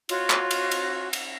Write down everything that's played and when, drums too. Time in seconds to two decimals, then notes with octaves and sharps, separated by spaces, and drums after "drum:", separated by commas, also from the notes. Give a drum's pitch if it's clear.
0.09 F4 F#4 C#5, drum: cymbal
0.30 drum: clap
0.51 drum: cymbal
0.71 drum: cymbal
1.13 drum: cymbal